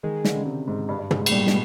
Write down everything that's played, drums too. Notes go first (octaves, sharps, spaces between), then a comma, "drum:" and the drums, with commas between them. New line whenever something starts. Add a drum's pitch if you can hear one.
D#3 G#3
D3, drum: snare
C#3
C3
G#2
G2
G2
G#2, drum: tom
G#2
A2, drum: cymbal
A#2 G3
B2, drum: snare